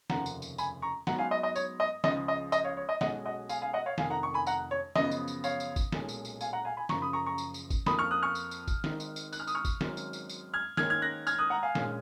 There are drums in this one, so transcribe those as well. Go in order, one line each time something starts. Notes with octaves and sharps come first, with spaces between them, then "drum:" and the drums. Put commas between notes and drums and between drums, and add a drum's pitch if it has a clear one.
F1 D#2 C#3 F3 F#5 A#5, drum: snare
drum: tambourine
drum: tambourine
G#5 B5, drum: tambourine
A#5 C#6
G#2 F#3 B3 F#5 A#5, drum: snare
F5 G#5
D#5
D#5
C#5, drum: tambourine
D#5
C#2 C#3 F3 D#5, drum: snare
D#5
D#5, drum: tambourine
C#5 F5
C#5
D#5
B1 B2 G#3 C#4 D#5 F#5, drum: snare
D#5 F#5
F5 G#5, drum: tambourine
F5 G#5
D#5 F#5
C#5 F5
F1 F2 D#3 F5 G#5, drum: snare
F#5 A#5
C#6
G#5 B5
F#5 A#5, drum: tambourine
C#5
F#2 C#3 F3 B3 D#5, drum: snare
drum: tambourine
drum: tambourine
C#5 F5, drum: tambourine
drum: tambourine
drum: kick, tambourine
B1 A#2 G#3 C#4, drum: snare
drum: tambourine
drum: tambourine
F5 G#5, drum: tambourine
F#5 A#5
F5 G#5
G#5 B5
F#1 F#2 C#3 F3 A#5 C#6, drum: snare
B5 D#6
A#5 C#6
A#5 C#6
drum: tambourine
drum: tambourine
drum: kick, tambourine
F2 F3 A#3 B5 D#6, drum: snare
C#6 F6
D#6 F#6
C#6 F6
drum: tambourine
drum: tambourine
drum: kick, tambourine
G#1 G#2 D#3, drum: snare
drum: tambourine
drum: tambourine
F#6, drum: tambourine
F6
D#6, drum: tambourine
C#6 F6
drum: kick, tambourine
G#1 G#2 D#3 F#3 C#4, drum: snare
drum: tambourine
drum: tambourine
drum: tambourine
F6 G#6
G#2 D#3 A#3 C#4 F6 G#6, drum: snare
F6 G#6
F#6 A#6
F6 G#6, drum: tambourine
D#6 F#6
F#5 A#5
F5 G#5
A#1 A#2 G#3 C#4, drum: snare